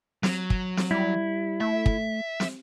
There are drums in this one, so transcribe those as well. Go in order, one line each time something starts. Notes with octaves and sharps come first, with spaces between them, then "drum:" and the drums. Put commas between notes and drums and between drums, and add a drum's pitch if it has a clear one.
F#3, drum: snare
drum: kick
drum: snare
G3 E4
A3 E5
drum: kick
drum: snare